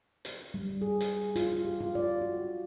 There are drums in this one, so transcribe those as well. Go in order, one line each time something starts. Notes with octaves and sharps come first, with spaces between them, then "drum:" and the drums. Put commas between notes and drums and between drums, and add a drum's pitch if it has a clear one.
drum: hi-hat
G3
G#4
drum: hi-hat
F4, drum: hi-hat
G4
F4
D5
F#4